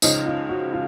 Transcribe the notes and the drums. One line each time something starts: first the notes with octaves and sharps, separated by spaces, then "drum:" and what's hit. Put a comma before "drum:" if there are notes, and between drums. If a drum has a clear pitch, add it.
C#2 C#3 F3 G#3 C#4 D#4, drum: tambourine
F4
F#4
F4